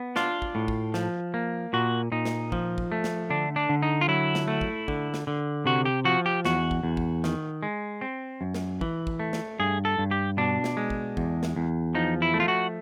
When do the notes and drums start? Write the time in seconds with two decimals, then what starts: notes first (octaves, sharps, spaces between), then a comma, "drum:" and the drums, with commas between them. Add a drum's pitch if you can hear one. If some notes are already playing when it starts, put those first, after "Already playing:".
Already playing: B3
0.16 D4 F4, drum: snare
0.42 drum: kick
0.55 A2
0.68 drum: kick
0.94 F3, drum: snare
1.34 A#3
1.73 A#2 F#4
2.12 A#2 D#4
2.25 drum: snare
2.52 F3, drum: kick
2.78 drum: kick
2.92 A3
3.04 drum: snare
3.30 D3 D4
3.56 D4
3.69 D3
3.83 D#4
4.01 F4
4.08 F#3 E4
4.35 drum: snare
4.48 A3
4.61 drum: kick
4.88 D3, drum: kick
5.14 drum: snare
5.27 D3
5.66 C3 F#4
5.85 G4
6.05 F3 F#4
6.26 G4
6.45 E2 F#4, drum: snare
6.71 drum: kick
6.83 E2
6.97 drum: kick
7.24 D#3, drum: snare
7.63 G#3
8.01 C4
8.41 F#2
8.54 drum: snare
8.81 E3, drum: kick
9.07 drum: kick
9.19 A3
9.33 drum: snare
9.59 G2 G#4
9.85 A4
9.98 G2
10.11 G4
10.37 B2 D4
10.64 drum: snare
10.77 G#3
10.90 drum: kick
11.17 E2, drum: kick
11.43 drum: snare
11.56 E2
11.95 F3 D#4
12.22 E4
12.34 A3
12.40 F4
12.48 F#4